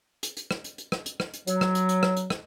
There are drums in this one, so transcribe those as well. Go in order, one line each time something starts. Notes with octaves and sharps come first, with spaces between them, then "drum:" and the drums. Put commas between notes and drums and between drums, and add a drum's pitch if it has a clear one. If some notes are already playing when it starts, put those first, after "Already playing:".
drum: hi-hat
drum: hi-hat
drum: rim click
drum: hi-hat
drum: hi-hat
drum: rim click
drum: hi-hat
drum: rim click
drum: hi-hat
F#3, drum: hi-hat
drum: rim click
drum: hi-hat
drum: hi-hat
drum: rim click
drum: hi-hat
drum: rim click